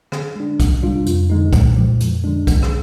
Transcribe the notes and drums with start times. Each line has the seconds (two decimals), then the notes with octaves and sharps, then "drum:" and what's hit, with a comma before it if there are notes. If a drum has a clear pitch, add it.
0.12 D3, drum: rim click
0.36 G#3 D4
0.60 C3, drum: kick C2, hi-hat
0.83 G3 D4 F4
1.06 F2, drum: hi-hat
1.30 D3 G#3 D#4
1.53 A#2, drum: kick C2, hi-hat
1.76 F3 G#3
2.00 F2, drum: hi-hat
2.24 D3 F3 G#3 D4
2.47 G#2, drum: kick C2, hi-hat
2.62 drum: rim click